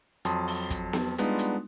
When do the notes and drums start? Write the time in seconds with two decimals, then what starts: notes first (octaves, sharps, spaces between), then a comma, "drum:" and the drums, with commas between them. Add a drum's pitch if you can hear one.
0.25 F2 F#3 A5 C6 D#6, drum: hi-hat
0.48 drum: open hi-hat
0.70 drum: kick, hi-hat
0.93 drum: snare B3
1.18 G3 G#3 B3 D4 D#4 F4, drum: hi-hat
1.39 drum: hi-hat